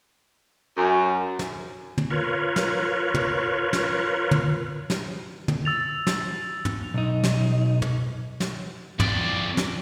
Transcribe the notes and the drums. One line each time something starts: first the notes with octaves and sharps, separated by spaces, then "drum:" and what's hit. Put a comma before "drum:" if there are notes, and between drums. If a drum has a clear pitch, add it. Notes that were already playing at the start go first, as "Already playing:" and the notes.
F#2
drum: snare
drum: tom
F4 A#4 B4 C#5
drum: snare
drum: tom
drum: snare
drum: tom
drum: snare
drum: tom
E6 A6 F7
drum: snare
drum: tom
B1 D#4
drum: snare
drum: tom
drum: snare
F2 D5, drum: tom
drum: snare